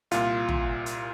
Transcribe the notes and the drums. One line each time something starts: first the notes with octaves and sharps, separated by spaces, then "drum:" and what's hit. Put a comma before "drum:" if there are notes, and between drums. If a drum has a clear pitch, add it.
C2 A#2 F4, drum: hi-hat
drum: tom
drum: hi-hat